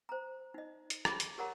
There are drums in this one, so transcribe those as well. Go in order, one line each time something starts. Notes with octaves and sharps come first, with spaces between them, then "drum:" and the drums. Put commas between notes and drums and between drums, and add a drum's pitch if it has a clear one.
C5 A#5
D#4 D#5
drum: hi-hat
G#4 B5, drum: rim click
drum: hi-hat
G4 A#4 C#5 F#5 A#5